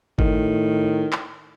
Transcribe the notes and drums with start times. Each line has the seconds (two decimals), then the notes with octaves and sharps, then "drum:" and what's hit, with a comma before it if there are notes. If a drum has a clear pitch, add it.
0.19 A2 D#3, drum: kick G1
1.13 drum: clap